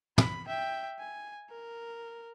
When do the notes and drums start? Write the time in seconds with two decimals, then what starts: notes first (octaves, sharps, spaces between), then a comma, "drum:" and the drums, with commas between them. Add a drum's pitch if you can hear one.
0.18 B5, drum: tom
0.47 E5 G5
0.99 G#5
1.50 A#4